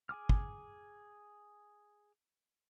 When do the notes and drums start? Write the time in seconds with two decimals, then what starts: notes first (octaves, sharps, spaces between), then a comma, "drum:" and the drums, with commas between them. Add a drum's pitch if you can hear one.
0.09 G#4 G#5 D6 F6
0.29 drum: kick